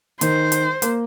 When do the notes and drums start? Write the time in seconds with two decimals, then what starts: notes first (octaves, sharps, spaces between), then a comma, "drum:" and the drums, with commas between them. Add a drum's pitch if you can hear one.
0.21 D#3 C5, drum: hi-hat
0.52 drum: hi-hat
0.82 A#3, drum: hi-hat